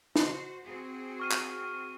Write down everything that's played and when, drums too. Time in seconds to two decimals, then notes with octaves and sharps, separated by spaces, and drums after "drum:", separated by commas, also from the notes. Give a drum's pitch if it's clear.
0.16 F#4 C5, drum: snare
0.65 C4 F#4 G#4
1.20 C#6 F6 D#7
1.31 drum: clap